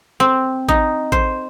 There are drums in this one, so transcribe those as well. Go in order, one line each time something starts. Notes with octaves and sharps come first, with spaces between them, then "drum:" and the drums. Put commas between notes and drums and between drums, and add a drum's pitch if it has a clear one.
C4
D#4, drum: kick A1
C5, drum: kick A1